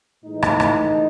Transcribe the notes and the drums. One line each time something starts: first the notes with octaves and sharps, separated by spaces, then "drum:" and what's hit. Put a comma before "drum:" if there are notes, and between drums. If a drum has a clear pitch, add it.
A2 E3 G#3 D#4
drum: rim click
drum: rim click